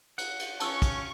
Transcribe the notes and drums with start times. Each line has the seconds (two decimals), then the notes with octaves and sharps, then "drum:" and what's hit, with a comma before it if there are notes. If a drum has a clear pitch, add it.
0.18 F#5, drum: cymbal
0.39 drum: cymbal
0.60 C#4 A5 C#6 E6 C#7, drum: cymbal
0.82 drum: kick, cymbal